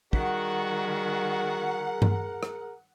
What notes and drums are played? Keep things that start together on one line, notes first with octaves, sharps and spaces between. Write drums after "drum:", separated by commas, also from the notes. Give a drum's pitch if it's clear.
D#3 G3 F#4 G#4 A#4 F#5, drum: kick
drum: tom G2
drum: rim click